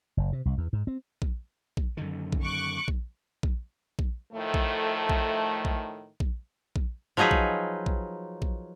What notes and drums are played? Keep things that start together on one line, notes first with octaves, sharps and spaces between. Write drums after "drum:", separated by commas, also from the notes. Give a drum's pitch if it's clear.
F#1
C3
C2
E2
G#2
C4
drum: kick A#1
drum: kick A#1
F#2 D3 D#3
drum: kick A#1
C#6 D6 F#6
drum: kick A#1
drum: kick A#1
drum: kick A#1
A2 D#3 F3 A3
drum: kick A#1
drum: kick A#1
drum: kick A#1
drum: kick A#1
drum: kick A#1
F3 F#3 D#4 G#4 B4
drum: kick A#1
drum: kick A#1
drum: kick A#1